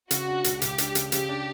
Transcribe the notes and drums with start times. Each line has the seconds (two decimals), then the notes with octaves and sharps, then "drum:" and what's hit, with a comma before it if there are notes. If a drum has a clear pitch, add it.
0.11 C#3 F#4, drum: hi-hat
0.28 D4
0.44 C#2, drum: hi-hat
0.62 C#2 G4, drum: hi-hat
0.78 D4, drum: hi-hat
0.95 C#3, drum: hi-hat
1.12 C#3 G4, drum: hi-hat
1.29 D4